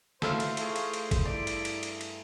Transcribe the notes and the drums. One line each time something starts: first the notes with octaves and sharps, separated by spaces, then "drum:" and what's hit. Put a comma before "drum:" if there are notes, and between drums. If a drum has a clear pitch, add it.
E3 A3 F#4 A4 C5 E5 F5, drum: snare
drum: cymbal
A3 F4 G#4, drum: cymbal
drum: cymbal
drum: cymbal
drum: kick G#1, cymbal
G2 E4 D5
drum: cymbal
drum: cymbal
drum: cymbal
drum: cymbal